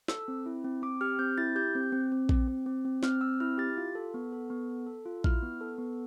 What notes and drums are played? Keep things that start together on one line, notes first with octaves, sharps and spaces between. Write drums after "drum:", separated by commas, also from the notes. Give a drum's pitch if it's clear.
A4 E6, drum: snare
C4
E4
C4
C4 D6
G4 F6
C4 G6
E4 A6
G4 G6
C4
C4
C4
C4, drum: kick A#1
C4
C4
C4
C4 F6, drum: snare
C4 E6
E4 F6
G4 A6
F4
A4
B3
A4
B3
A4
A4
F4
E4 F6, drum: kick A#1
B3
A4
B3